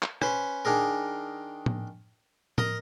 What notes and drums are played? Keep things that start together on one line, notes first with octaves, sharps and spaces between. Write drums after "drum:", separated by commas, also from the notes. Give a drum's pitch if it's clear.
drum: clap
C#4 B4 C5, drum: rim click
D#3 D4 G#4 A#4
drum: tom A2
A#4 D#5 A#5, drum: tom A2